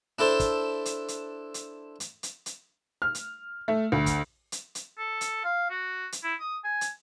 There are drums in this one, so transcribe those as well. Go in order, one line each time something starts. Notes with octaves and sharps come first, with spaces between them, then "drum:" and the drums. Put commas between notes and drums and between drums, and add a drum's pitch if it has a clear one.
D4 E4 A4 C5
drum: kick, hi-hat
drum: hi-hat
drum: hi-hat
drum: hi-hat
drum: hi-hat
drum: hi-hat
drum: hi-hat
F6
drum: hi-hat
A3
D2
drum: kick, hi-hat
drum: hi-hat
drum: hi-hat
A4
drum: hi-hat
F5
F#4
drum: hi-hat
E4
D#6
G#5
drum: hi-hat